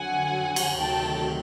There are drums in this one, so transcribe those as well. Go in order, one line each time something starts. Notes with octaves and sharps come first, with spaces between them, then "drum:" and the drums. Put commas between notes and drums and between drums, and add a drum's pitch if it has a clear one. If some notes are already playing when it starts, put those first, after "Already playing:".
Already playing: F2 D3 F#3 F#5 G#5
drum: cymbal
D2 C3 D#3 F#3 A3 G5 A5